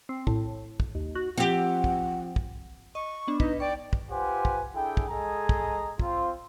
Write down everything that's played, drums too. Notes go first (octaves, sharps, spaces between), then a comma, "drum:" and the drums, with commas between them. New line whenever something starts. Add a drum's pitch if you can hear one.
C4
A2, drum: kick
drum: kick
D#2
F#4
F3 C4 G4 F#5
drum: kick
drum: kick
D#5 C#6
B3 D4
D#4 B4 D#5, drum: kick
D5 G5 C#6
drum: kick
F4 G4 B4 C5 F#5 G#5
drum: kick
D4 E4 G#4 A4 G5
drum: kick
G#3 G#4 A4 D#5 G#5 A#5
drum: kick
C4 F4, drum: kick